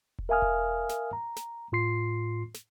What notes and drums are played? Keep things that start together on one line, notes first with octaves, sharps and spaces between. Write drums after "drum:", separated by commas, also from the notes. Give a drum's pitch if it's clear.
drum: kick E1
A#4 E5 F5 G#5 D#6 F6
drum: kick E1
drum: snare
A#5
drum: snare
A2 F4 C6 C7
drum: snare